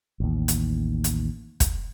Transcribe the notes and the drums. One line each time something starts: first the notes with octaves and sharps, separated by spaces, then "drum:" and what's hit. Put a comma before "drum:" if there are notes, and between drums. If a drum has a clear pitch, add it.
A1 D#2
drum: hi-hat
drum: hi-hat
drum: kick, hi-hat